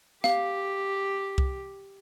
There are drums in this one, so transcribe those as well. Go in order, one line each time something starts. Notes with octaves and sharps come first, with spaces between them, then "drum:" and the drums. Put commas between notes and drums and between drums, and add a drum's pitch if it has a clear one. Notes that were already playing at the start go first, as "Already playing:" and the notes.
G4 F5, drum: snare
drum: kick C2